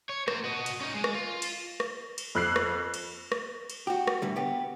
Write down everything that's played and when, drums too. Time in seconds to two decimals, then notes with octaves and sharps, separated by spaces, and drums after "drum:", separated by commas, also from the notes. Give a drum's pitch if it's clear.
0.09 C#5
0.28 A#3 C5, drum: rim click
0.44 F#4 D#5
0.66 drum: cymbal
0.81 C#4 D#4
0.94 G#3
1.04 drum: rim click
1.14 F4
1.42 drum: cymbal
1.80 drum: rim click
2.18 drum: cymbal
2.35 F2 F#6 C7
2.56 drum: rim click
2.94 drum: cymbal
3.32 drum: rim click
3.70 drum: cymbal
3.87 F#4 G4
4.07 drum: rim click
4.22 A2 D3 G3
4.36 B3 G4